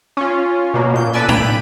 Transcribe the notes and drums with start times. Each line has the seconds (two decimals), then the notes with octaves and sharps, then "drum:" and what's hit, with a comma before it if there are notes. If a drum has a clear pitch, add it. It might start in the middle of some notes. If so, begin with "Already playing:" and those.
0.17 C#4 F4
0.74 B2 A#3
0.94 A#2 G6
1.13 A4 B4 D5 G#5 E6
1.29 G5 B5 D7 D#7, drum: tom A2